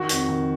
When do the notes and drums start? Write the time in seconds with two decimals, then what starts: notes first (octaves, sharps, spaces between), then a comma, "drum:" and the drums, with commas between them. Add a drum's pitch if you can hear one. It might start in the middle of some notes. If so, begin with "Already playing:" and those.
Already playing: D#3 F#4
0.09 F2, drum: hi-hat
0.29 D#3